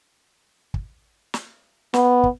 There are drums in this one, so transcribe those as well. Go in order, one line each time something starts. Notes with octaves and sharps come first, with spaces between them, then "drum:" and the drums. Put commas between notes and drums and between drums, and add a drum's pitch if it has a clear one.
drum: kick
drum: snare
B3, drum: snare
drum: kick